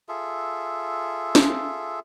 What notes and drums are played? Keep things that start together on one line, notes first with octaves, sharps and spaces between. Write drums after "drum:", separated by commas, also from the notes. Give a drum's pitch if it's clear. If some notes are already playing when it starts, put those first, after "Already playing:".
F4 G#4 A4 E5
drum: snare